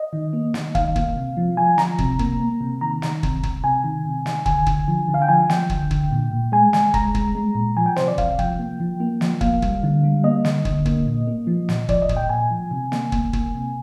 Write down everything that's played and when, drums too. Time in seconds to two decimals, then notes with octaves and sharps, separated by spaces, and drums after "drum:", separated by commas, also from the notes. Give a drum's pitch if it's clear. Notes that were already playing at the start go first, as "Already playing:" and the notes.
Already playing: D#5
0.13 D#3
0.33 A#3
0.54 D#3, drum: snare
0.75 D#3 F5, drum: kick
0.96 A#3, drum: kick
1.16 C3
1.37 F3
1.57 F3 G#5
1.78 F3 A#5, drum: snare
1.98 C3, drum: kick
2.19 A#3, drum: kick
2.40 A#3
2.61 C3
2.81 D#3 A#5
3.02 D#3, drum: snare
3.23 C3, drum: kick
3.43 C3, drum: kick
3.64 C3 G#5
3.84 D#3
4.05 C3
4.26 D#3, drum: snare
4.46 D3 G#5, drum: kick
4.66 D3, drum: kick
4.88 F3
5.08 D3
5.14 F5
5.22 G5
5.29 F3 G#5
5.50 F3 G5, drum: snare
5.70 D3, drum: kick
5.91 D3, drum: kick
6.11 A#2
6.31 A#2
6.52 G#3 G#5
6.73 G#3 G#5, drum: snare
6.94 G#3 A#5, drum: kick
7.15 G#3, drum: kick
7.35 G#3
7.55 A#2
7.77 F3 G#5
7.86 G5
7.96 C3 C5, drum: snare
8.08 D5
8.18 C3 F5, drum: kick
8.39 F3 G5, drum: kick
8.59 A#3
8.80 F3
9.00 A#3
9.21 F3, drum: snare
9.41 A#3 F5, drum: kick
9.62 G3, drum: kick
9.83 D3
10.04 G3
10.24 A#3 D#5
10.45 D3, drum: snare
10.65 D3, drum: kick
10.86 A#3, drum: kick
11.06 A#2
11.27 A#3
11.47 F3
11.69 A#2, drum: snare
11.89 F3 D5, drum: kick
12.02 D#5
12.09 A#2, drum: kick
12.17 G5
12.29 A#2 G#5
12.51 F3
12.71 C3
12.92 A#3, drum: snare
13.12 A#3, drum: kick
13.33 A#3, drum: kick
13.54 C3